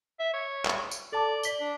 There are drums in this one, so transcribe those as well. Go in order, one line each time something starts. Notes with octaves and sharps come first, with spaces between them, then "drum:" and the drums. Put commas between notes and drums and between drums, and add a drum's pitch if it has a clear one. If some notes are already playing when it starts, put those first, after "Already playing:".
E5
C#5
drum: clap
drum: tambourine
A4 D5 A5 D6
D5 B6 G7, drum: tambourine
D4